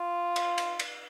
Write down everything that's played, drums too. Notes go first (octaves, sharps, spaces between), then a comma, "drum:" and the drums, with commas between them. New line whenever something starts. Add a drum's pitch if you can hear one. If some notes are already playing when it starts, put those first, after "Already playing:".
Already playing: F4
drum: cymbal
drum: cymbal
drum: cymbal